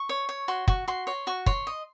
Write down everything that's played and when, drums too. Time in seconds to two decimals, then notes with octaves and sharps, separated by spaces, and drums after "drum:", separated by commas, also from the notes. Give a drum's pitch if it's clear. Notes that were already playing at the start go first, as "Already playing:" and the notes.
Already playing: C#6
0.09 C#5
0.29 C#5
0.48 F#4 C6
0.68 F#4 C#6, drum: kick
0.88 F#4 C6
1.07 C#5 C6
1.27 F#4 C#6
1.46 C#5 C6, drum: kick
1.67 D#5